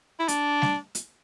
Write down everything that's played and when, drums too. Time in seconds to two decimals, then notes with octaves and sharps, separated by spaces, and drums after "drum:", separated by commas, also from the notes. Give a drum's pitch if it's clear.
0.19 E4
0.28 D4, drum: hi-hat
0.62 drum: snare G3
0.95 drum: hi-hat